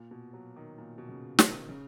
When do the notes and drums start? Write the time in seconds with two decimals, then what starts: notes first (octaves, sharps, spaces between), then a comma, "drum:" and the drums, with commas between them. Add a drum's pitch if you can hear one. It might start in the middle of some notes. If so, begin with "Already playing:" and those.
Already playing: A#2
0.11 B2
0.33 F#3
0.56 D#3
0.78 A#2
0.98 B2
1.08 C#3
1.39 D#3, drum: snare
1.69 C#3